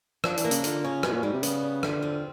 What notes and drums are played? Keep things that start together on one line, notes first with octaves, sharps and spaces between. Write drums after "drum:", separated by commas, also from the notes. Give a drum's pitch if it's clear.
F3 D4, drum: rim click
E3, drum: hi-hat
A#3
C#3, drum: hi-hat
D3 F4, drum: hi-hat
C#3 C#4
F#2 B2, drum: rim click
A#2
G#2 G3
C3
C#3 B3, drum: hi-hat
G3
D3 F4, drum: rim click
C4